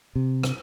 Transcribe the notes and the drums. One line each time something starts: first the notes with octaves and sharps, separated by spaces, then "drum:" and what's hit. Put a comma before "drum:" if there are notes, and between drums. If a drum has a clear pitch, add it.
C3
drum: rim click